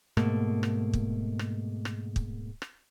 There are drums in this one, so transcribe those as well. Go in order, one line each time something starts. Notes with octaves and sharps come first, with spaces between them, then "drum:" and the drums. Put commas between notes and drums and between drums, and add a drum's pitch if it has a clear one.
G#2 B2 A3 A#3, drum: rim click
drum: rim click
drum: kick
drum: rim click
drum: rim click
drum: kick
drum: rim click